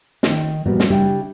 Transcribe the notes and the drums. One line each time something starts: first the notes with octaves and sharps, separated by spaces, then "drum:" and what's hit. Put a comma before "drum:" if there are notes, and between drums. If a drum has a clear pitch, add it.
D#3 D#4, drum: snare
A#2 E3 F3 G3 B3 F#4
drum: snare
C#3 G3 D4 E4 G4